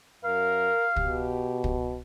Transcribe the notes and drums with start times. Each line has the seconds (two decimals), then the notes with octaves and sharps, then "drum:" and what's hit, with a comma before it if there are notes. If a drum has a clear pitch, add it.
0.24 F#2 A#4 F5
0.96 B2 G4, drum: kick
1.64 drum: kick